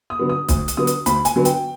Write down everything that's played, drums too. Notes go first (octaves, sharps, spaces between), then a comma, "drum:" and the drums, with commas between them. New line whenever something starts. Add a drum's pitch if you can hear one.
D#6
D3 F#3 B3
D#6
D2 D#6, drum: kick B1, hi-hat
drum: hi-hat
D3 F#3 B3 D#6
drum: hi-hat
D2 B5, drum: hi-hat
G#5, drum: hi-hat
D3 F#3 B3
G5, drum: hi-hat